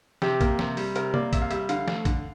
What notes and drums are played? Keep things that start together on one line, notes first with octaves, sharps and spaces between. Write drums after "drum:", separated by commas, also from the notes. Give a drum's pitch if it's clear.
C3 G4, drum: snare
A#3, drum: kick A1, hi-hat
C3, drum: snare
G3, drum: open hi-hat
C3 A#4, drum: hi-hat
A#3 D5, drum: tom
C3 E5, drum: kick A1, hi-hat
F5
G3 E5, drum: hi-hat
D3 F5, drum: hi-hat
A3, drum: snare
D3, drum: kick A1, hi-hat